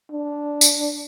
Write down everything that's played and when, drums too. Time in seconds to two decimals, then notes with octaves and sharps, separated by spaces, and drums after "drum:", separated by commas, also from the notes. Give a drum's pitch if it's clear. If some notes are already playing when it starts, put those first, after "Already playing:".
0.11 D4
0.61 drum: tambourine